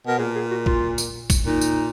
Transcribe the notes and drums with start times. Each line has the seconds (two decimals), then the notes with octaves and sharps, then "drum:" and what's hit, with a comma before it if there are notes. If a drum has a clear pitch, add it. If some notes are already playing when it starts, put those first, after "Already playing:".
0.07 B2 A#4
0.18 A#2 G#4
0.35 G#4
0.51 F#4
0.66 F4, drum: kick
0.98 drum: tambourine
1.30 drum: kick, tambourine
1.46 A#2 D#4
1.61 drum: tambourine